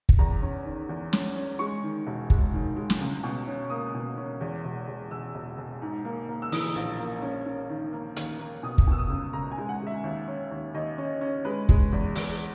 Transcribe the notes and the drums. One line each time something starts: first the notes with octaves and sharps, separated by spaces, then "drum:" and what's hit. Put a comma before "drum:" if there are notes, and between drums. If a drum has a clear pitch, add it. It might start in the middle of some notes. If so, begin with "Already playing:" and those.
drum: kick
E2 A#5
C#4
D#3
E2
C#4, drum: snare
C#4
G#3 C#6
D#3
E1
G#3, drum: kick
D#3
G#3
drum: snare
C#2
B2
C#4
A#3 D#6
B2
C#4
E2
E1
E1
E1 E6
E1
E1
G#2
A#3
A#3
E6
E3 D#6, drum: open hi-hat
A#1
A#3
C#4
C#4
D#3
A#3
D#2, drum: hi-hat
A#3
B2 D#6
drum: kick
B2 E6
D#6
C#2
C#2 A#5
G#5
G#3
F#5
G#3
E5
D#2
C#4
D#2
D#2 D#5
C#4
C#4
G#3 B4
G#3, drum: kick
E2
E2, drum: open hi-hat